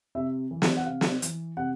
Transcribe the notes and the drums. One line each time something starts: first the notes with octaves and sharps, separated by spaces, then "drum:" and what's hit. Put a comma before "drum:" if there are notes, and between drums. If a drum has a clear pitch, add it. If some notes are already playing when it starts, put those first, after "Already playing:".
C3 E5
E3
drum: snare
F#5
C3 F5
drum: snare
E3, drum: hi-hat
C3 F#5